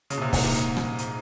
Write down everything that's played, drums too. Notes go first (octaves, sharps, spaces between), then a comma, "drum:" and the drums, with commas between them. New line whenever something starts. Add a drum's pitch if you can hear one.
C#3, drum: hi-hat
A#2
C3
G#2, drum: kick C#1, open hi-hat
A#2
drum: hi-hat
drum: rim click
drum: hi-hat